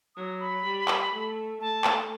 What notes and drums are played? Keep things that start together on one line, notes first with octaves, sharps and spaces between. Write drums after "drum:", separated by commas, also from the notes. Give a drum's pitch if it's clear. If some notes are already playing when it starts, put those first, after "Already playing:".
F#3 D#6
B5
G3
drum: clap
A3
A3 A5
drum: clap